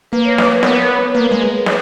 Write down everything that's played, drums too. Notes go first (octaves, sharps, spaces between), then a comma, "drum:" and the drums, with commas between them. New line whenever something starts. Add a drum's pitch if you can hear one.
A#3 B4
C#5
B4, drum: snare
B4
B3 A#4, drum: snare
A#4
A#4
A#3 B4
G#3 G#4
A#4
C#5, drum: snare